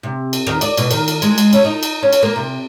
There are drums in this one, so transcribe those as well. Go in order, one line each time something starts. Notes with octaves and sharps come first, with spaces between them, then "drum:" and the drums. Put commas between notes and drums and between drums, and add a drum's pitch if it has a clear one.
C3
drum: cymbal
D#3, drum: rim click
D5, drum: cymbal
B2, drum: cymbal
D#3, drum: cymbal
drum: cymbal
G#3, drum: cymbal
drum: cymbal
C#4, drum: cymbal
D#4
drum: cymbal
C#4
drum: cymbal
A#3
C3